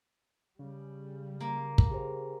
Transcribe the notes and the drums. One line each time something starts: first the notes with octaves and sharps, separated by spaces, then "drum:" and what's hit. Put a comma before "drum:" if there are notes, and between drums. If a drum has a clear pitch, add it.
C#3 G3
A#3
drum: kick
G4 G#4 C5